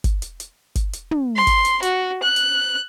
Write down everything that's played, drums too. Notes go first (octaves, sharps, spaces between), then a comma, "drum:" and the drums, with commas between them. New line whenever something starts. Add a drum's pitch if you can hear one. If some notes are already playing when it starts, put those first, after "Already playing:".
drum: kick, hi-hat
drum: hi-hat
drum: hi-hat
drum: kick, hi-hat
drum: hi-hat
drum: tom
C6
drum: kick, hi-hat
drum: hi-hat
F#4, drum: hi-hat
F#6
drum: hi-hat